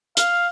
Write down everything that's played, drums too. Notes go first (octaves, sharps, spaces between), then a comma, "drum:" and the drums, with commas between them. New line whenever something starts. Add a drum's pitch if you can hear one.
F5, drum: hi-hat